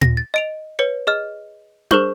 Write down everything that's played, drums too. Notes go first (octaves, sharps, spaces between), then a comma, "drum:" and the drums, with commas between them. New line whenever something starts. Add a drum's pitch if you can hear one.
A#6, drum: tom A#2
A6
D#5 D7 F7
B4 C#5 C#7
G#4 D#5 F6
G#4 A#4 C5 C#6 G6, drum: tom D4